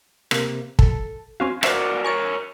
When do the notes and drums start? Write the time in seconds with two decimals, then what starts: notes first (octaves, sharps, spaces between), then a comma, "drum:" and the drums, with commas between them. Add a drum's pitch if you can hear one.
0.31 C3 A#3, drum: rim click
0.79 A4, drum: kick
1.40 C4 C#4 F#4 F5 G#5
1.63 F#4 A#4 C5 D5 E5 F5 C#6, drum: rim click
2.04 A#4 C#5 G#5 C#6 A6